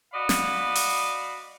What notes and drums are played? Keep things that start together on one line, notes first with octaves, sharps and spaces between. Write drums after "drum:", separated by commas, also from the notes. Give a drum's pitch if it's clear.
F#4 D5 D#5 F5 B5
drum: snare
drum: open hi-hat